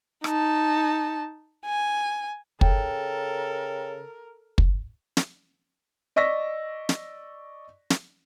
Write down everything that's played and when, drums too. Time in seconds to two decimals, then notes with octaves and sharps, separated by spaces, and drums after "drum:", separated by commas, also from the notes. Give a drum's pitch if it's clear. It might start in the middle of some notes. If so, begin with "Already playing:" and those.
0.24 D#4 A5, drum: rim click
1.66 G#5
2.61 C#3 A4 A#4 G5, drum: kick
4.58 drum: kick
5.17 drum: snare
6.16 D5 D#5 C#6 E6 A#6 B6
6.89 drum: snare
7.90 drum: snare